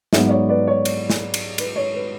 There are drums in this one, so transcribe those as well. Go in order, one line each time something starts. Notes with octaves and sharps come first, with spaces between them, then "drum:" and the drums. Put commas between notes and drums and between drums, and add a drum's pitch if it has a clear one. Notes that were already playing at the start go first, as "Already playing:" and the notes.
G#2 F#3 B3 C#5 E5, drum: snare
D5
C#5
B4 D5
C#5
drum: cymbal
drum: snare
drum: cymbal
B4, drum: cymbal
C#5
B4